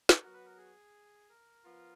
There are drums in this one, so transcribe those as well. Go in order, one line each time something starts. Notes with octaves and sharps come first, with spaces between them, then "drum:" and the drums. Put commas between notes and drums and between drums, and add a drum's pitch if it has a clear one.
drum: snare
F#3 B3 F#4 A#4
B4
A#4
G#4
A#4
F3 B3 F4